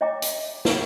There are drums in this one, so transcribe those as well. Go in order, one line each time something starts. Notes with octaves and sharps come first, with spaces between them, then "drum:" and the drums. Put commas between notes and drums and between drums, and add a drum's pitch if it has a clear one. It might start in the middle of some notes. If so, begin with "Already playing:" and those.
C#5 D#5 E5 G5 A#5 D6
drum: hi-hat
drum: snare